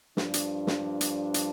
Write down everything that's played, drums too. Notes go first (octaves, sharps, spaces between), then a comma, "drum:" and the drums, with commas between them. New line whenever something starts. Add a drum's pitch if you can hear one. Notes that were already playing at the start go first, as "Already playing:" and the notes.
G2 F3 D4, drum: snare
drum: hi-hat
drum: snare
drum: hi-hat
drum: hi-hat